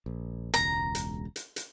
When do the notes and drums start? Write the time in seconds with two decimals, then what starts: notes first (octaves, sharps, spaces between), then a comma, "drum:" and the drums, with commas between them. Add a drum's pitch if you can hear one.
0.06 A#1
0.54 E1 C#2 A#5, drum: hi-hat
0.95 drum: hi-hat
1.36 drum: hi-hat
1.56 drum: hi-hat